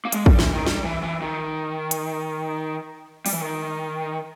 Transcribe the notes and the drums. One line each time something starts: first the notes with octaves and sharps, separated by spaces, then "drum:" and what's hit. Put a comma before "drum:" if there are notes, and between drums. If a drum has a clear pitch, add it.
A#3
G#3, drum: hi-hat
G3, drum: kick
E3, drum: snare
D#3
G3, drum: snare
E3
E3
D#3
drum: hi-hat
G3, drum: open hi-hat
E3
D#3